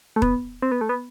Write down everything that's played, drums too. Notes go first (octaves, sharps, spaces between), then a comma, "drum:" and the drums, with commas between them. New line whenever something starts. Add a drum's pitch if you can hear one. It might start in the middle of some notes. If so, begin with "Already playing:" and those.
A3
B3, drum: kick
C4
B3
A3
B3